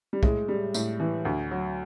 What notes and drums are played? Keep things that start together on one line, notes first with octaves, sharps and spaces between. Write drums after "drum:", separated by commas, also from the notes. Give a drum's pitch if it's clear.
G3
A2 G#3, drum: kick
G3
A2, drum: tambourine
E3
D2
F#3